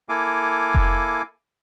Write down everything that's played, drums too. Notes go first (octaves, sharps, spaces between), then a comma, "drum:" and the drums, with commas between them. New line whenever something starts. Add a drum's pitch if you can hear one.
A#3 E4 A4 F5 G#5 D6
drum: kick F1